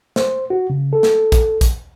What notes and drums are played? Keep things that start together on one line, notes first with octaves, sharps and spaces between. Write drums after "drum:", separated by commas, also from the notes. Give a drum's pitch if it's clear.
C5, drum: snare
F#4
C#3
A4
drum: snare
drum: kick, hi-hat
drum: kick, hi-hat